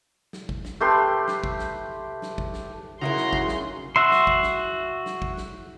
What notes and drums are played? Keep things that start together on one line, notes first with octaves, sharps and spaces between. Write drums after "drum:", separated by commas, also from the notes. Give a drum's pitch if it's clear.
drum: snare
drum: kick
drum: snare
A3 G4 B4 C6
drum: snare
drum: kick
drum: snare
drum: snare
drum: kick
drum: snare
C#3 D#4 E4 F#4 A#4 A#5 C6
drum: snare
drum: kick
drum: snare
F#4 E5 C6
drum: snare
drum: kick
drum: snare
drum: snare
drum: kick
drum: snare